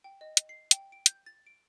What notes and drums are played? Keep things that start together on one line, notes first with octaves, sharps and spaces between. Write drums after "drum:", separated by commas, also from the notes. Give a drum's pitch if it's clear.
G5
D#5
drum: hi-hat
C7
G5, drum: hi-hat
D7
G6, drum: hi-hat
A6
D7